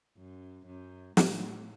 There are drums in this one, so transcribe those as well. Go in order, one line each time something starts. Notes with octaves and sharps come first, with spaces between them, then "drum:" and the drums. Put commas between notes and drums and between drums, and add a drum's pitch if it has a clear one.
F#2
F#2
A2, drum: snare